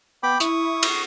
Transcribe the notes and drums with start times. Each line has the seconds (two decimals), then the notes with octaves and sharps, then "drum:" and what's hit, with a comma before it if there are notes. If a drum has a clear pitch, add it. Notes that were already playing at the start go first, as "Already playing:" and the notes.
0.23 B3 G5 B5 D6
0.40 E4 C#6 D#6, drum: hi-hat
0.83 drum: cymbal